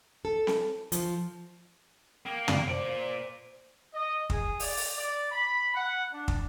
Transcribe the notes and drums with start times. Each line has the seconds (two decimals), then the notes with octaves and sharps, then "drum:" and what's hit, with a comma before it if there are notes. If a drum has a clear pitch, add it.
0.25 A4
0.47 drum: snare C4
0.92 F3, drum: hi-hat
2.26 A#3 G5
2.48 D5, drum: tom
2.68 A#2 C5 D5
3.92 D#5
4.30 G#4, drum: kick
4.60 D5, drum: open hi-hat
4.77 drum: open hi-hat
4.96 D5
5.30 B5
5.74 F#5
6.11 D4
6.28 drum: kick